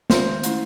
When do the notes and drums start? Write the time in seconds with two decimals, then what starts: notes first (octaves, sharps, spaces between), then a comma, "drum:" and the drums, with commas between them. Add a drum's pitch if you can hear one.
0.10 D#3 G#3 C#4 C5, drum: snare
0.43 A3 C#4 E4, drum: hi-hat